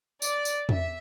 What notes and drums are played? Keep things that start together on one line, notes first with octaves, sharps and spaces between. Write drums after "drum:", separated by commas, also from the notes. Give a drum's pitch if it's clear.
D5, drum: tambourine
drum: tambourine
E5, drum: tom